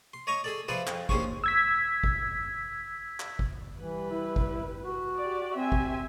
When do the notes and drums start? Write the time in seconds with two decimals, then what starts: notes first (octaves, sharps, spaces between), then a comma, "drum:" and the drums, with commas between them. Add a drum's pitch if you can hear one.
0.13 C6
0.27 C#5 D#5 A#5 C#6
0.44 G#4 A4 D5
0.68 F3 G#4 B4 C5 D5 E5
0.87 F2, drum: clap
1.09 A#1 D#2 C#4 G#4 C5 C#6, drum: kick G#1
1.44 E6 G#6 B6
2.04 drum: kick G#1
3.20 drum: clap
3.39 drum: kick G#1
3.78 E3 G3 B4
4.11 E4
4.36 drum: kick G#1
4.84 F#4
5.19 G4 D5
5.56 C4 G4 E5 G#5
5.72 drum: kick G#1